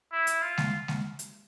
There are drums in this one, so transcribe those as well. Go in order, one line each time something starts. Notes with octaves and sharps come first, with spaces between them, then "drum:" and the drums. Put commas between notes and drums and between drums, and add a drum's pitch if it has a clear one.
E4
drum: hi-hat
F4
drum: snare G#3
drum: snare G#3
drum: hi-hat